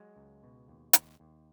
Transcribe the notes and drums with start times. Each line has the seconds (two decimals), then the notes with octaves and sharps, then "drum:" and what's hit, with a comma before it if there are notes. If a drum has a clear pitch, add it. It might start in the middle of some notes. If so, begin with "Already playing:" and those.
Already playing: F#3 G#3
0.16 C#2
0.43 B2
0.68 D#2
0.93 D#2, drum: hi-hat
1.20 D#2